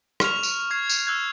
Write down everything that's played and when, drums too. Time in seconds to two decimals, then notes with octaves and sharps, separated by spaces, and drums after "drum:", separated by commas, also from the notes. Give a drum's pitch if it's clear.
0.20 C#6 F6 F7, drum: rim click
0.43 drum: tambourine
0.70 C#6 G#6 C7
0.89 drum: tambourine
1.07 E6 F#6 G#6